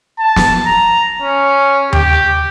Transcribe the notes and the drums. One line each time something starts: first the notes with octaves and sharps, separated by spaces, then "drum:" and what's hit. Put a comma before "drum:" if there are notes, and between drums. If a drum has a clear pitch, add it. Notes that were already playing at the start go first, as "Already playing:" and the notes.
A5
drum: snare
A#5
C#4
G4, drum: tom D#2